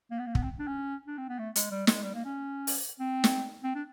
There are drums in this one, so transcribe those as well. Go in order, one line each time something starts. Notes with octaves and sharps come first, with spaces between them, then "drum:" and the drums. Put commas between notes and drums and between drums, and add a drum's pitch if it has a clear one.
A#3
B3
A#3
B3, drum: kick
C4
D4
C#4
D4
C4
B3
A3
G#3, drum: hi-hat
G3
G#3, drum: snare
G3
A#3
C#4
drum: open hi-hat
C4
drum: snare
C4
D4